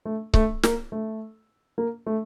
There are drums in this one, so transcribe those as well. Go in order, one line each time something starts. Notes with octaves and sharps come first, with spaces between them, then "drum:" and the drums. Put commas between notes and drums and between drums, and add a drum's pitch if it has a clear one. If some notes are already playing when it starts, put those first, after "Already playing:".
A3
A3, drum: kick C#1
A#3, drum: snare
A3
A#3
A3